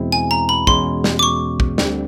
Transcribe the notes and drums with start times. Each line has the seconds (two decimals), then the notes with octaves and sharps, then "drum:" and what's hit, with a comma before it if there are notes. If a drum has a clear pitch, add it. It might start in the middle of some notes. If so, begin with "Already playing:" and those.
Already playing: E2 B2 G#3 C4 E4
0.12 G#5
0.31 A#5
0.49 B5
0.67 E2 B2 G#3 C#4 F#4 C6, drum: kick
1.04 drum: snare
1.19 D6
1.23 C#6
1.60 drum: kick
1.78 D2 D3 G3 C4, drum: snare